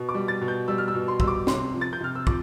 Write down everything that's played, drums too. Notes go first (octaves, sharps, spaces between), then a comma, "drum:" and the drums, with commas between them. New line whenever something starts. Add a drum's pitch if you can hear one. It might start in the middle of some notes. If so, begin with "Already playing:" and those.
Already playing: B2
D6
G3
A6
B2
G6
G3 E6
F6
E6
B2
C6
G3 E6, drum: kick
D6
C3 C6, drum: snare
F3
A6
G6
C3 F6
E6
F3 D6, drum: kick